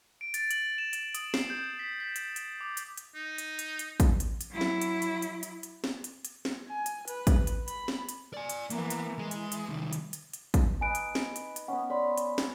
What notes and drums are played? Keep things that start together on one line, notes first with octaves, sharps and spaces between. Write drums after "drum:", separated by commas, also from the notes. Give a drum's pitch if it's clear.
D7
A6, drum: hi-hat
F#7, drum: hi-hat
E7
drum: hi-hat
D#6, drum: hi-hat
C7, drum: snare
G6
B6
B6
drum: hi-hat
drum: hi-hat
D6
drum: hi-hat
drum: hi-hat
D#4
drum: hi-hat
drum: hi-hat
drum: hi-hat
drum: kick, hi-hat
drum: hi-hat
drum: hi-hat
F#3 E4
drum: snare
drum: hi-hat
drum: hi-hat
drum: hi-hat
drum: hi-hat
drum: hi-hat
drum: snare
drum: hi-hat
drum: hi-hat
drum: snare
G#5
drum: hi-hat
B4, drum: hi-hat
drum: kick, hi-hat
drum: hi-hat
B5, drum: hi-hat
drum: snare
drum: hi-hat
D5 G#5
drum: hi-hat
E3 A#3 B3 A#4, drum: hi-hat
drum: hi-hat
E3 G#3
drum: hi-hat
drum: hi-hat
C2 D#3
drum: hi-hat
drum: hi-hat
drum: hi-hat
drum: kick, hi-hat
D#4 B4 G#5 D7
drum: hi-hat
drum: snare
drum: hi-hat
drum: hi-hat
B3 C#4 F#5
C#5 D5 B5 C6
drum: hi-hat
drum: snare